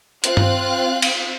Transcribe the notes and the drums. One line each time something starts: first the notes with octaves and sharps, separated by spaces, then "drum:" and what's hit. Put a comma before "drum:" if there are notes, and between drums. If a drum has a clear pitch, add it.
C4 F4 F5 F#6, drum: hi-hat
drum: tom G2
drum: cymbal